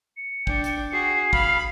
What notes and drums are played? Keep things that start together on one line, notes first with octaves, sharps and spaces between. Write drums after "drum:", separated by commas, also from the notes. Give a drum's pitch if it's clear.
C#7
D4 G5, drum: kick
drum: hi-hat
F#4 G#4 C7
F5 B5, drum: kick